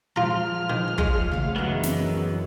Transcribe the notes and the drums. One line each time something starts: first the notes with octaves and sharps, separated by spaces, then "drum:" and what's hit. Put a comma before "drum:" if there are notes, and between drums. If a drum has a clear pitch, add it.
F3 G#3 F4 A#5 F6
D#3
G#3 C#5, drum: kick
C#3 A3 F5 F#5
F#2 D#3 E3 B3 G#4 D#5
drum: snare